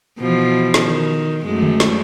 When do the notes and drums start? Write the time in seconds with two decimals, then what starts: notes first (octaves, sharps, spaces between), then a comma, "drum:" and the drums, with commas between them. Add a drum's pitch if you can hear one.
0.19 B2 E3 F3
0.74 drum: snare
0.84 D#3
1.45 F#2 G#3 A3
1.62 drum: tom D3
1.80 drum: snare